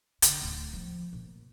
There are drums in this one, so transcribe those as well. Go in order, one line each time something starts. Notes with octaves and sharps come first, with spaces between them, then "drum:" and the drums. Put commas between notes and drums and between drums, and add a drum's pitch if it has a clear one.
D3, drum: hi-hat
D1
F3
A#2